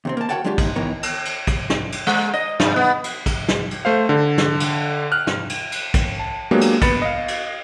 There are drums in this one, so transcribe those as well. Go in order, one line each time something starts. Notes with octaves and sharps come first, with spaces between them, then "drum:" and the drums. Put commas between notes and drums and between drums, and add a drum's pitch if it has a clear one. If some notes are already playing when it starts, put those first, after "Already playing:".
D#2 C3 C4
A#3 A5
F#4 A#4 C#5 F#5 G5 A5
F#3 G#3 D4 F4 G4
D#2 G#2, drum: kick, cymbal
D#3 E3 B3 A#4 C#5
drum: cymbal
drum: cymbal
drum: kick, cymbal
drum: snare
drum: cymbal
G#3
D#5
G2, drum: snare
B3
drum: cymbal
drum: kick, cymbal
drum: snare
drum: cymbal
A3 C5 F5
D3
drum: snare
drum: cymbal
F6 F#6
drum: snare
drum: cymbal
drum: cymbal
drum: kick, cymbal
A5
F#3 G#3 A#3 B3 D4 G4
drum: cymbal
B3 B5 A6 C#7, drum: kick, cymbal
D#5 F5
drum: cymbal